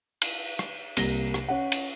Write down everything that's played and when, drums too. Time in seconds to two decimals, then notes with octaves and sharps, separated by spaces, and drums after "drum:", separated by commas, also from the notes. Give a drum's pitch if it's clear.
0.22 drum: cymbal
0.59 drum: rim click
0.97 C2 A#3 A#6 G7, drum: cymbal
1.34 drum: rim click
1.48 C#4 F#5
1.72 drum: cymbal